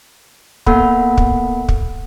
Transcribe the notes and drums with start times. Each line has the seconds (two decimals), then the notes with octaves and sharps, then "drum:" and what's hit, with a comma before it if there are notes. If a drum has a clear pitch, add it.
0.66 A#3 B3 A4 F#5 B5, drum: kick
1.17 drum: kick
1.69 drum: kick